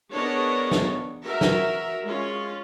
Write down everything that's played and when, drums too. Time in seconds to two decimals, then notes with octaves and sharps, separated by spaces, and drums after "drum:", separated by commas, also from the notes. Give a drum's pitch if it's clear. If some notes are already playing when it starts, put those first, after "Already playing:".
0.13 B3 D4 G#4 A#4 C#5 D#5
0.71 drum: snare
1.24 F#4 A#4 E5
1.41 drum: snare
2.04 G#3 C#4 F4